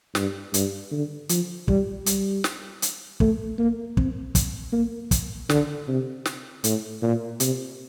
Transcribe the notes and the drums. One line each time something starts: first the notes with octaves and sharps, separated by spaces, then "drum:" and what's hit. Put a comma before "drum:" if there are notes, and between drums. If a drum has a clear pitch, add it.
G2, drum: snare
G2, drum: hi-hat
D3
F3, drum: hi-hat
G3, drum: kick
G3, drum: hi-hat
drum: snare
drum: hi-hat
A3, drum: kick
A#3
C4, drum: kick
drum: kick, hi-hat
A#3
drum: kick, hi-hat
D3, drum: snare
C3
drum: snare
A2, drum: hi-hat
A#2
C3, drum: hi-hat